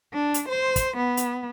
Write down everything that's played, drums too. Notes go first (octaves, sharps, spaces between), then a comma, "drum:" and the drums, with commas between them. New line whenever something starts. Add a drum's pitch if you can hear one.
D4
drum: hi-hat
C5
drum: kick, hi-hat
B3
drum: hi-hat